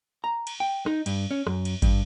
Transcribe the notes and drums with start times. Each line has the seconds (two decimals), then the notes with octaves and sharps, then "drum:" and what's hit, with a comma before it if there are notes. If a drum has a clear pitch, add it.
0.24 A#5
0.47 drum: cymbal
0.60 G5
0.86 D#4, drum: rim click
1.06 G2, drum: cymbal
1.31 C#4
1.47 F#2, drum: rim click
1.65 drum: cymbal
1.82 G2, drum: kick, cymbal